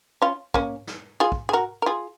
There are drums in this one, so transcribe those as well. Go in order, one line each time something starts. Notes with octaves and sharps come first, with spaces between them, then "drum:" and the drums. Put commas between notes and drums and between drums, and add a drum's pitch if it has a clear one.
C#4 F4
A#3 C#4, drum: kick
drum: snare
F4 G#4
drum: kick
G#4
F#4 A#4
A#4
F4 G#4